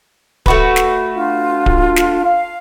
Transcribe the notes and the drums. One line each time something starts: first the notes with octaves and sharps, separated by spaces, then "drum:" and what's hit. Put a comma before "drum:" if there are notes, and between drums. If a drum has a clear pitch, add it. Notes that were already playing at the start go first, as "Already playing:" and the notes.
A3 F#4 B4, drum: kick D1
drum: snare
D4 F4
drum: kick D1
drum: snare
F5